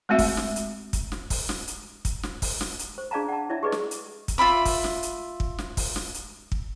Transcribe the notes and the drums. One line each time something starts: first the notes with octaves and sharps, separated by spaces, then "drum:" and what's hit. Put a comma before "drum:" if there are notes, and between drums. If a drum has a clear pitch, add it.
G#3 A3 C4 F#4 E5
drum: kick, open hi-hat
drum: snare
drum: hi-hat
drum: kick, hi-hat
drum: snare
drum: kick, open hi-hat
drum: snare
drum: hi-hat
drum: kick, hi-hat
drum: snare
drum: kick, open hi-hat
drum: snare
drum: hi-hat
C5
D4 G#4 D5 F5 A5 A#5
F#5 A5
E4 C#5 D5 E5
G4 G#4 B4 D5 D#5
drum: snare
drum: hi-hat
drum: kick, hi-hat
F4 E5 B5 D6
drum: kick, open hi-hat
drum: snare
drum: hi-hat
drum: kick
drum: snare
drum: kick, open hi-hat
drum: snare
drum: hi-hat
drum: kick